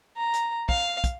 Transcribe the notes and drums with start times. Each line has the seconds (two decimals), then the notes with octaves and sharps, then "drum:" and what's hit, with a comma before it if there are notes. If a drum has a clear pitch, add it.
0.16 A#5
0.34 drum: hi-hat
0.69 F5, drum: kick
1.04 drum: kick, hi-hat